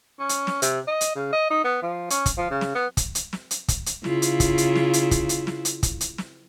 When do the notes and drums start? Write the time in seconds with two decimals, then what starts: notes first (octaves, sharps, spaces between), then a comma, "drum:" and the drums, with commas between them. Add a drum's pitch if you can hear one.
0.19 C#4
0.29 drum: hi-hat
0.47 drum: snare
0.62 C3, drum: hi-hat
0.87 D#5
1.01 drum: hi-hat
1.15 C#3
1.33 D#5
1.50 D#4
1.64 B3
1.82 F3
2.10 C#4, drum: hi-hat
2.26 drum: kick, hi-hat
2.37 F3
2.50 C#3
2.61 drum: snare
2.75 B3
2.97 drum: kick, hi-hat
3.15 drum: hi-hat
3.33 drum: snare
3.51 drum: hi-hat
3.68 drum: kick, hi-hat
3.86 drum: hi-hat
4.04 C#3 E4 F4, drum: snare
4.22 drum: hi-hat
4.40 drum: kick, hi-hat
4.58 drum: hi-hat
4.76 drum: snare
4.93 drum: hi-hat
5.11 drum: kick, hi-hat
5.29 drum: hi-hat
5.47 drum: snare
5.65 drum: hi-hat
5.83 drum: kick, hi-hat
6.01 drum: hi-hat
6.18 drum: snare